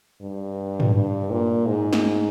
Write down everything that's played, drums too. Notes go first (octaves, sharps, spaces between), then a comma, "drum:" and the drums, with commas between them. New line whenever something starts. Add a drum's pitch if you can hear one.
G2
drum: tom
G2
A#2
G#2
drum: snare